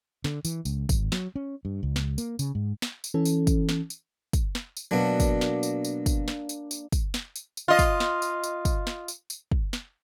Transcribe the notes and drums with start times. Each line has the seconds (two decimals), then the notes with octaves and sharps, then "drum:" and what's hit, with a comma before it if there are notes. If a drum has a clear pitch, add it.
0.24 D3, drum: snare
0.45 E3, drum: tambourine
0.65 C#2, drum: tambourine
0.89 G#1, drum: kick, tambourine
1.12 F#3, drum: snare
1.36 C#4
1.65 G2
1.83 C#2
1.96 drum: snare
2.18 A#3, drum: tambourine
2.39 C#3, drum: tambourine
2.55 G#2
2.82 drum: snare
3.04 drum: tambourine
3.14 E3 C#4 A4
3.25 drum: tambourine
3.47 drum: kick, tambourine
3.69 drum: snare
3.90 drum: tambourine
4.33 drum: kick, tambourine
4.55 drum: snare
4.77 drum: tambourine
4.91 B2 F#3 A#3 D4
5.20 drum: kick, tambourine
5.41 drum: snare
5.63 drum: tambourine
5.84 drum: tambourine
6.06 drum: kick, tambourine
6.28 drum: snare
6.49 drum: tambourine
6.71 drum: tambourine
6.92 drum: kick, tambourine
7.14 drum: snare
7.36 drum: tambourine
7.57 drum: tambourine
7.68 F4 D#5
7.79 drum: kick, tambourine
8.00 drum: snare
8.22 drum: tambourine
8.44 drum: tambourine
8.65 drum: kick, tambourine
8.87 drum: snare
9.08 drum: tambourine
9.30 drum: tambourine
9.51 drum: kick
9.73 drum: snare